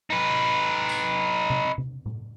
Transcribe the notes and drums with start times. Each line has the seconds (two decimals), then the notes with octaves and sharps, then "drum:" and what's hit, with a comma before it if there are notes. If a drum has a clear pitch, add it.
0.10 D#4 B4
0.89 drum: tambourine
1.50 drum: tom C3
1.78 drum: tom C3
2.06 drum: tom A2